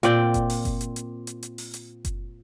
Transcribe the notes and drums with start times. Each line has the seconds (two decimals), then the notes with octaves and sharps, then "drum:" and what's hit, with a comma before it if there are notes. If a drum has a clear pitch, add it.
0.03 A#2 C4 D5 G5, drum: hi-hat
0.34 drum: kick F#1, hi-hat
0.50 drum: open hi-hat
0.65 drum: kick F#1, hi-hat
0.81 drum: hi-hat
0.96 drum: hi-hat
1.27 drum: hi-hat
1.43 drum: hi-hat
1.58 drum: open hi-hat
1.74 drum: hi-hat
2.05 drum: kick F#1, hi-hat